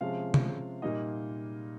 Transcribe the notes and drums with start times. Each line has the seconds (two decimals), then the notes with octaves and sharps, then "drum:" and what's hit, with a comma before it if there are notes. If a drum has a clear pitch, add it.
0.01 C3 F3 G#3 C#4 F5
0.34 drum: tom C3
0.82 A#2 G3 A#3 D#4 D#5